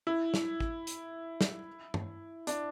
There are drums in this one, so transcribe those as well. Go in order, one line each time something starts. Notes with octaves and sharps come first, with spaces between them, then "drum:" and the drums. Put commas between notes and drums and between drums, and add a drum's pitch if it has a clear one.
E4
drum: snare
drum: kick
drum: hi-hat
drum: snare
drum: tom G2
D4, drum: hi-hat